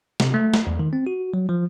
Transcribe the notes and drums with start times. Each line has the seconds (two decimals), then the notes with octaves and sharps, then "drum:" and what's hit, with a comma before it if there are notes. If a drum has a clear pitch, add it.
0.20 C3, drum: snare
0.34 A3
0.54 drum: snare
0.67 E2
0.79 D#3
0.93 C4
1.07 F#4
1.34 F#3
1.49 F3